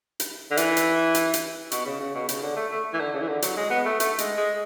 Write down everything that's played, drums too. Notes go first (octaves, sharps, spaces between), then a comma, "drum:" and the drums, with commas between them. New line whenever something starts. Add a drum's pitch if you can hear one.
drum: hi-hat
D3
E3, drum: hi-hat
drum: hi-hat
drum: hi-hat
drum: hi-hat
B2, drum: hi-hat
C#3
C#3
B2
C#3, drum: hi-hat
D3
A3
A3
E3
D3
C#3
E3
D3
F#3, drum: hi-hat
G#3
B3
A3
A3, drum: hi-hat
G#3, drum: hi-hat
G#3